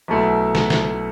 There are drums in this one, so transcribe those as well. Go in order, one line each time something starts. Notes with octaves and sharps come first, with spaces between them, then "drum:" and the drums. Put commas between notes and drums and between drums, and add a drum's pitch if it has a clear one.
B1 B2 A3 E4
drum: snare
drum: snare